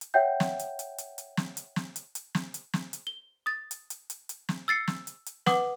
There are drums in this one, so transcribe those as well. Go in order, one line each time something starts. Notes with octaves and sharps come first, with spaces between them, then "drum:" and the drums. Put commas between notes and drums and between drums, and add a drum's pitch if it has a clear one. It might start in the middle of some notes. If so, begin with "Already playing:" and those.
drum: hi-hat
C#5 E5 F#5 G5 G6
drum: snare
drum: hi-hat
drum: hi-hat
drum: hi-hat
drum: hi-hat
drum: snare
drum: hi-hat
drum: snare
drum: hi-hat
drum: hi-hat
drum: snare
drum: hi-hat
drum: snare
drum: hi-hat
G7
D#6 A6
drum: hi-hat
drum: hi-hat
drum: hi-hat
drum: hi-hat
drum: snare
E6 A6 C7 C#7
drum: snare
drum: hi-hat
drum: hi-hat
B4 F#5 D6 D#6, drum: snare